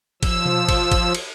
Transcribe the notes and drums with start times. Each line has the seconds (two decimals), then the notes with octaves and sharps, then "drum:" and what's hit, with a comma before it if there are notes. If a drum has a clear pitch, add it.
0.23 F3 E6, drum: kick, cymbal
0.46 drum: tom B2
0.69 drum: kick, cymbal
0.92 drum: kick, cymbal
1.14 drum: cymbal